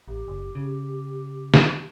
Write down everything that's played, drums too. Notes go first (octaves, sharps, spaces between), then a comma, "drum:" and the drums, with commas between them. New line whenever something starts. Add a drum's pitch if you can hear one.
A1 G4
F#1
C#3
drum: snare